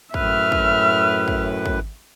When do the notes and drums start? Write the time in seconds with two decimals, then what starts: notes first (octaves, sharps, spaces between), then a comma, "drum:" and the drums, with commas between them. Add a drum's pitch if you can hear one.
0.14 F#2 A2 B4 E5 F6, drum: kick
0.52 drum: kick
1.28 drum: kick
1.66 drum: kick